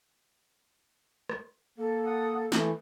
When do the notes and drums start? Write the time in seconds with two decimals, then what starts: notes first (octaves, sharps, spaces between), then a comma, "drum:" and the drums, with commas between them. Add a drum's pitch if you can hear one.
1.29 drum: rim click
1.78 A#3 A4
2.06 F#5 D#6
2.52 E3 A3, drum: snare